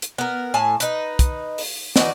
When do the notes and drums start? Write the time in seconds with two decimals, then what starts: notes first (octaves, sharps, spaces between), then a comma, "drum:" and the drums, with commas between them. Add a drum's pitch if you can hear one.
0.02 drum: hi-hat
0.18 B3 A#4
0.54 A2 G#5 A5
0.80 D#4 B4, drum: hi-hat
1.19 drum: kick, hi-hat
1.58 drum: open hi-hat
1.96 E3 D4 D#4 F#4, drum: snare